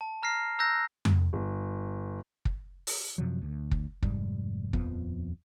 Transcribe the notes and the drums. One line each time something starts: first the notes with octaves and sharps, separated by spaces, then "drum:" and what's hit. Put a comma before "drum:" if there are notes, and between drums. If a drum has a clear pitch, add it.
A5
A#5 F6 A#6 C7
A#5 E6 F#6 G6 A#6
drum: tom F2
G1
drum: kick
drum: open hi-hat
F#2 C3 F3 F#3
D2
drum: kick
F1 G#2 G3, drum: kick
D#1 F2 F3 B3, drum: kick